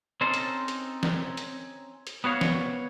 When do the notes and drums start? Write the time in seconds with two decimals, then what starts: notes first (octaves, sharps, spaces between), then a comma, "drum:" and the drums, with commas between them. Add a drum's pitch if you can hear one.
0.21 C4 C#4 D#4 A4 C5
0.34 drum: hi-hat
0.68 drum: hi-hat
1.03 drum: snare
1.37 drum: hi-hat
2.07 drum: hi-hat
2.24 B3 F#4 C#5 F5
2.41 drum: snare